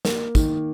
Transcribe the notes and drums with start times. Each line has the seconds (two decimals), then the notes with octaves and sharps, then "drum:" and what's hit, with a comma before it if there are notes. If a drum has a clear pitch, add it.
0.05 A#3, drum: snare
0.35 D#3, drum: kick, tambourine